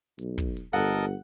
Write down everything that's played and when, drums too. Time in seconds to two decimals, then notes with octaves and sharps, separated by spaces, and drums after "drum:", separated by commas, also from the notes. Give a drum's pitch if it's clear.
0.19 B1, drum: hi-hat
0.38 drum: kick, hi-hat
0.57 drum: hi-hat
0.73 G1 A4 A#4 D#5 F#5, drum: hi-hat
0.95 drum: hi-hat